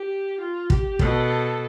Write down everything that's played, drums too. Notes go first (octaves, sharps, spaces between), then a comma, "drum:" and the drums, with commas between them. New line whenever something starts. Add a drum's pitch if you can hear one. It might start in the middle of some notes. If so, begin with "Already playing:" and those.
Already playing: G4
F4
G4, drum: kick
B2 A4, drum: kick